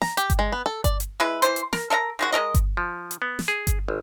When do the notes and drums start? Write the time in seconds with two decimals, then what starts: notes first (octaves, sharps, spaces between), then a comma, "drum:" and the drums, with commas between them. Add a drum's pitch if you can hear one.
0.02 A#5, drum: snare
0.17 G4, drum: hi-hat
0.30 drum: kick G1, hi-hat
0.39 G#3
0.52 B3
0.66 A4
0.84 D5, drum: kick G1, hi-hat
1.00 drum: hi-hat
1.20 G#3 E4 B4
1.42 E3 C5, drum: hi-hat
1.56 drum: hi-hat
1.73 A#4, drum: snare
1.90 A4 A#4 E5 A#5
2.19 D#3 G#3 F#4
2.32 G#3 C#4 A#4 D#5
2.54 drum: kick G1, hi-hat
2.77 F3
3.11 drum: hi-hat
3.22 B3
3.39 drum: snare
3.48 G#4
3.67 drum: kick G1, hi-hat
3.88 G#1